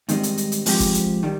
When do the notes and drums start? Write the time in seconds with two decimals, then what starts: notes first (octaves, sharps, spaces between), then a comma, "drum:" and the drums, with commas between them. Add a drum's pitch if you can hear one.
0.09 G#2 D#3 G3 C4 D#4, drum: hi-hat
0.23 drum: hi-hat
0.38 drum: hi-hat
0.52 drum: hi-hat
0.66 G#2 F3 C4 G4, drum: open hi-hat
0.80 drum: kick, hi-hat
0.94 drum: hi-hat
1.23 D#3 G3